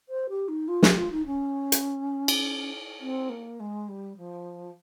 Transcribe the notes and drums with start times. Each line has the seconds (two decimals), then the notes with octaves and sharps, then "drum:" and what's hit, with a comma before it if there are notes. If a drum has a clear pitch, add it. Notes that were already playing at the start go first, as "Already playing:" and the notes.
0.09 C5
0.29 G4
0.48 D#4
0.68 F4
0.83 G4, drum: snare
0.97 F4
1.11 D#4
1.26 C#4
1.72 drum: hi-hat
2.28 drum: cymbal
3.00 C4
3.29 A#3
3.60 G#3
3.88 G3
4.17 F3